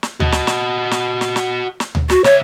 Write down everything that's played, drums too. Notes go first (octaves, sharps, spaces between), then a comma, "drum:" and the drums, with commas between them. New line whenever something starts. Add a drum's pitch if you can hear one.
drum: snare
F#4 D#5, drum: tom D2
drum: snare
drum: snare
drum: snare
drum: snare
drum: snare
drum: snare
drum: tom D2
F#4, drum: snare
C#2 C#5 E5, drum: snare